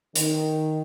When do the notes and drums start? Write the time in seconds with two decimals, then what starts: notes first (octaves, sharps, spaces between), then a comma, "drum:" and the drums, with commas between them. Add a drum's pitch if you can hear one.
0.16 D#3, drum: hi-hat